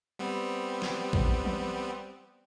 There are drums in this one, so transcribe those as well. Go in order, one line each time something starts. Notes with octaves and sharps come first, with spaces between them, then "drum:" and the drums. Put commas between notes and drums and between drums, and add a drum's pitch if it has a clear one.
G3 B3 C4
drum: snare
drum: kick A#1
drum: tom E3